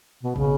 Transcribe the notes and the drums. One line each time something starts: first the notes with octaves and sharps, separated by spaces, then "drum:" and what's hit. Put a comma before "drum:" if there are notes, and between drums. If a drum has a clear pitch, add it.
B2
C#3, drum: kick